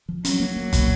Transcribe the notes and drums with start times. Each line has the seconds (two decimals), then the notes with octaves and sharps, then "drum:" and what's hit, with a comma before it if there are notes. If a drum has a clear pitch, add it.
0.09 F3
0.25 F#3 C#4, drum: hi-hat
0.40 A#3
0.56 A#3
0.73 B2, drum: kick G1, hi-hat